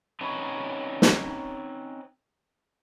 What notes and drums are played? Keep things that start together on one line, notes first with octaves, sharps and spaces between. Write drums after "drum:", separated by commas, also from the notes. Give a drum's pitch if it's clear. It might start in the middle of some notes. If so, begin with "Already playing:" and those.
C4 C#4 D#4 B4 C#5
drum: snare